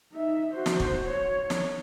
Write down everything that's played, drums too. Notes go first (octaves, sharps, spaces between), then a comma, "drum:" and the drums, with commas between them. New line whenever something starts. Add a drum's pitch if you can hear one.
D#4 E5
F#4 C5
drum: snare
drum: kick
C#5
drum: snare